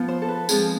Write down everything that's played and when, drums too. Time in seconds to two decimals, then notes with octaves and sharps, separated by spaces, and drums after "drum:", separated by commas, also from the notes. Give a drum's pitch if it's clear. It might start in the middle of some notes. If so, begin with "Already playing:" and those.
Already playing: F3 B3 F4
0.08 C5
0.22 A4
0.29 B4
0.49 F3 G#3 C4 F4 G#4, drum: tambourine